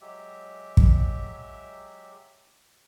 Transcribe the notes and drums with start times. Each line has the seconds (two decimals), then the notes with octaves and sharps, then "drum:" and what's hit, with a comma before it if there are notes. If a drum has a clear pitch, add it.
0.01 F#3 G#3 G4 E5
0.77 drum: kick